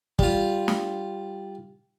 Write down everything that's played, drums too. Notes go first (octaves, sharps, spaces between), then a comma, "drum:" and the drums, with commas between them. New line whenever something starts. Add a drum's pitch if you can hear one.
G3 F4, drum: kick
drum: snare